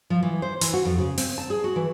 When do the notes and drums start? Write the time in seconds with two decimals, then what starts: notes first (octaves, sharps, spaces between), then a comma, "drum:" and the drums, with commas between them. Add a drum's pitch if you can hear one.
0.10 F3
0.23 E3
0.42 C5
0.61 E3, drum: hi-hat
0.74 F#4
0.85 F2
0.98 C#3
1.18 C4, drum: open hi-hat
1.38 A5
1.50 G#4
1.64 F#4
1.76 E3